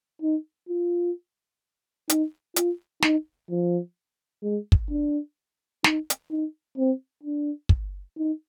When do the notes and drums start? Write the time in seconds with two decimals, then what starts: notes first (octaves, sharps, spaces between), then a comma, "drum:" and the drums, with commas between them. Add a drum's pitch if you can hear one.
0.22 D#4
0.69 F4
2.10 D#4, drum: hi-hat
2.56 F4, drum: hi-hat
3.02 D#4, drum: snare
3.50 F3
4.43 G#3
4.72 drum: kick
4.90 D4
5.84 D#4, drum: snare
6.10 drum: hi-hat
6.31 D#4
6.77 C4
7.24 D4
7.69 drum: kick
8.18 D#4